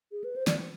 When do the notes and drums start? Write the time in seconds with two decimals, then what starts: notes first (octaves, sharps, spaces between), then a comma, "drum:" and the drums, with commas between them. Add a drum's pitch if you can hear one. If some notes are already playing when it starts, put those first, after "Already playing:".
0.12 G#4
0.24 B4
0.36 C5
0.47 D5, drum: snare